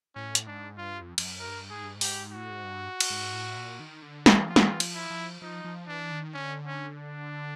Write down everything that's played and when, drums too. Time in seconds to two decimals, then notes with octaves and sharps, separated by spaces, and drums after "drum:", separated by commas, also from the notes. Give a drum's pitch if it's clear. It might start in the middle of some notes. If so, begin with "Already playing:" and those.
0.16 A2 C#4
0.35 drum: hi-hat
0.47 G#2 D4
0.77 G2 F4
1.01 F2
1.18 F2, drum: cymbal
1.24 F#2
1.39 A#4
1.47 G2
1.70 G#2 G#4
1.83 G2
1.96 G#2
2.01 G4, drum: open hi-hat
2.32 A2 F#4
2.50 G#2
2.64 G2
3.00 drum: cymbal
3.10 G#2
3.34 A2
3.57 A#2
3.80 D#3
4.02 D3
4.26 E3, drum: snare
4.49 F3 F4
4.56 E3, drum: snare
4.64 D#3
4.72 E3
4.80 F3, drum: cymbal
4.95 E4
5.10 F3
5.42 F3 D#4
5.64 F3
5.88 E3 D4
6.12 D#3
6.34 D3 C#4
6.66 C#4
6.97 D4